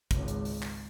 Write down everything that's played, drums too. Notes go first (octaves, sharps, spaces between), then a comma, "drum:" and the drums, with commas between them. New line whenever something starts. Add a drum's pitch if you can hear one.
G#1 C#2, drum: kick, hi-hat
drum: hi-hat
drum: open hi-hat
drum: clap